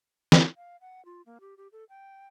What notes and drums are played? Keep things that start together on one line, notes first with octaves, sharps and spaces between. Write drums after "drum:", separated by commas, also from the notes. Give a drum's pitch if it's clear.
drum: snare
F5
F#5
F4
A#3
G4
G4
A4
G5